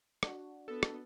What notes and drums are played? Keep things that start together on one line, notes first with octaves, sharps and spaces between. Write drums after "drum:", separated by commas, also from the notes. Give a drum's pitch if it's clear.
D4 F#4, drum: rim click
B3 A4
drum: rim click